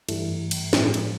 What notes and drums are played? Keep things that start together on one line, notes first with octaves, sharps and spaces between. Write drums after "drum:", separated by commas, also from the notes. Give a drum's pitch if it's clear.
G2 E3 G3 A3, drum: cymbal
drum: cymbal
A2 F3 G#3, drum: snare
drum: cymbal